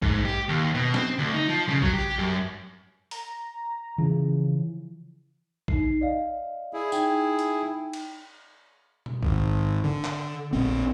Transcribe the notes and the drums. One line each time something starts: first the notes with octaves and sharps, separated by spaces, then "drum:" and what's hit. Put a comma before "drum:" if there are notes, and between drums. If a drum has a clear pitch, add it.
G#2, drum: kick A#1
G4
D#2
B2
C4, drum: snare
D2
D#4
F3
C#3
F#3, drum: kick A#1
G4
F#2
A#5, drum: open hi-hat
C#3 E3 F3
D#4 C7, drum: kick A#1
D5 D#5 F5
E4 G#4
D#4 G5, drum: tambourine
drum: hi-hat
drum: cymbal
drum: tom B2
G#1, drum: kick A#1
D3
drum: clap
A#1 C4